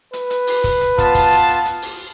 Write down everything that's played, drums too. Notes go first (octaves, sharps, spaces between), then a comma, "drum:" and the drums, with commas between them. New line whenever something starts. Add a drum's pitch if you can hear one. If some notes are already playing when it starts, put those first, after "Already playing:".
B4, drum: hi-hat
drum: hi-hat
drum: open hi-hat
drum: kick, hi-hat
drum: hi-hat
B3 F4 A5, drum: kick, hi-hat
drum: kick, open hi-hat
drum: hi-hat
drum: hi-hat
drum: hi-hat
drum: open hi-hat